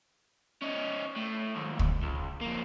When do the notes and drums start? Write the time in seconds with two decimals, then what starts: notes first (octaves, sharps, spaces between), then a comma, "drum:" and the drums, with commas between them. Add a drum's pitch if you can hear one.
0.62 C#4 D#4
1.16 A2
1.55 D#2 G#2
1.79 drum: kick
2.03 C#2
2.41 F2 A#3